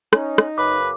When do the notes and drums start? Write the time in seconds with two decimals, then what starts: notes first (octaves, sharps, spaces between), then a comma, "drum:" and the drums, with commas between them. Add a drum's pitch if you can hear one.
0.13 C#4 D#4, drum: rim click
0.38 drum: rim click
0.58 F#2 C#3 B4 D6